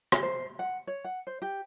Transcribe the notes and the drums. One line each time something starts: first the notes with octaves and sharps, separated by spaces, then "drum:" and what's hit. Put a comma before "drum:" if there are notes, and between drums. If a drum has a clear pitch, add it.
drum: rim click
C5
F#5
C#5
F#5
C5
G4